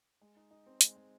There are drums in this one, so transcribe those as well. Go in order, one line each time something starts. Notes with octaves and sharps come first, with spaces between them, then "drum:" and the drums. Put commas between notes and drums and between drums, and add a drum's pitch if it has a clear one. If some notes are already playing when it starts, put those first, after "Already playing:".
G#3
D#4
D#4
C4
G#3, drum: hi-hat
G#3